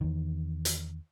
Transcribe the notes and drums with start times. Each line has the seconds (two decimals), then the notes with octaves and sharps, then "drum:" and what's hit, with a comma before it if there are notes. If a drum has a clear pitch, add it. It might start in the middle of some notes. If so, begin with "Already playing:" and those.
0.01 E2 D#3
0.65 drum: hi-hat